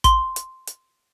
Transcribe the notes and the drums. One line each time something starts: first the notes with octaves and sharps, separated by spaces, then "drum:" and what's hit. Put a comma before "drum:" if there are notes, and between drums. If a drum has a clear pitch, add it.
C6, drum: kick, hi-hat
drum: hi-hat
drum: hi-hat